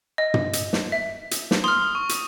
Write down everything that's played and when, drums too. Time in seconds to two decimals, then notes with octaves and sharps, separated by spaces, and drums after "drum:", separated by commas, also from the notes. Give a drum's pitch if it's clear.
0.18 D#5
0.34 drum: tom
0.53 drum: hi-hat
0.73 drum: snare
0.92 E5
1.31 drum: hi-hat
1.51 drum: snare
1.64 C6 D#6 F6
1.95 C#6
2.09 drum: hi-hat